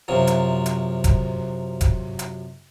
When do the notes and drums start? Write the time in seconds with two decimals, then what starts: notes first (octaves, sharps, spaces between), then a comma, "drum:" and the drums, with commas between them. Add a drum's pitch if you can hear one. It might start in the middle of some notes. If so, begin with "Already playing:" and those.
0.08 F#2 C3 F3 F#3
0.27 drum: hi-hat
0.66 drum: hi-hat
1.04 drum: kick E1, hi-hat
1.81 drum: kick E1, hi-hat
2.19 drum: hi-hat